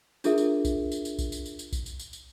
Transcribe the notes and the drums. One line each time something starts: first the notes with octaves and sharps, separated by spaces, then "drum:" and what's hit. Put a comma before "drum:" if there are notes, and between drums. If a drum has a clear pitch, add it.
D4 F4 G#4 A#4 E5, drum: tambourine
drum: tambourine
drum: kick, tambourine
drum: tambourine
drum: tambourine
drum: kick, tambourine
drum: tambourine
drum: tambourine
drum: tambourine
drum: kick, tambourine
drum: tambourine
drum: tambourine
drum: tambourine